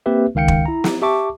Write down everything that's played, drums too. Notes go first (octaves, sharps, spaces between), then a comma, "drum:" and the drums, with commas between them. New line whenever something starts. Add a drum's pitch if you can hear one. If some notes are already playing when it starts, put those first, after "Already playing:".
A#3 C4 G4 B4 E5
C#2 D#3 F5 G5 C#7
drum: kick E1
E4 A#5
drum: snare
G4 E5 A5 C#6 D6